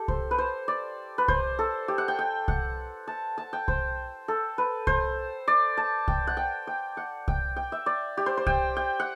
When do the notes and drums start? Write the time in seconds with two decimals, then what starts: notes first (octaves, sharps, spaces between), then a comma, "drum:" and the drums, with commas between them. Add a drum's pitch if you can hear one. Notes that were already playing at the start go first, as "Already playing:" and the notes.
Already playing: G4 A4
0.08 C5, drum: kick C2
0.31 B4
0.38 C5
0.68 D5
1.18 B4
1.28 C5, drum: kick C2
1.59 A4
1.88 G4
1.98 F#5
2.08 G5
2.19 G5
2.48 F#5, drum: kick C2
3.07 A5
3.38 A5
3.53 G5
3.68 C5, drum: kick C2
4.28 A4
4.58 B4
4.87 C5, drum: kick C2
5.48 D5
5.77 A5
6.08 G5, drum: kick C2
6.27 F#5
6.37 G5
6.67 G5
6.97 F#5
7.28 G5, drum: kick C2
7.56 G5
7.72 E5
7.86 D5
8.17 G4
8.26 C5
8.37 C5
8.46 G5, drum: kick C2
8.77 G5
9.00 F#5